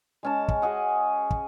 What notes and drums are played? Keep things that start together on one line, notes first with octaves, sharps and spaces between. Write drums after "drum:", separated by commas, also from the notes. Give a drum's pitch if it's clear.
G#3 C#4 A5
drum: kick
F#4 G#4 D#5 F#5
drum: kick